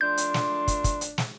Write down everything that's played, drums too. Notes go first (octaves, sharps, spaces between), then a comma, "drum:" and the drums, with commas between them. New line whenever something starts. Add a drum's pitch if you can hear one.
F3 A3 D4 C6 G6
drum: hi-hat
drum: snare
drum: kick, hi-hat
drum: kick, hi-hat
drum: hi-hat
drum: snare